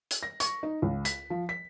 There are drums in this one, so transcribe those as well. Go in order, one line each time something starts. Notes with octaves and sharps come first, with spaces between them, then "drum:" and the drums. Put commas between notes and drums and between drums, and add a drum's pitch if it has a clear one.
drum: hi-hat
A#6
C#6, drum: hi-hat
D#4
C#2
B6, drum: hi-hat
F3
B6